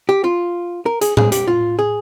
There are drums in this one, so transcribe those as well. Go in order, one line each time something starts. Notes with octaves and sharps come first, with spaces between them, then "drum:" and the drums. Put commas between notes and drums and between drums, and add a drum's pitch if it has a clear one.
G4
F4
A#4
G#4, drum: hi-hat
G#4, drum: tom A2
G4, drum: hi-hat
F4
G#4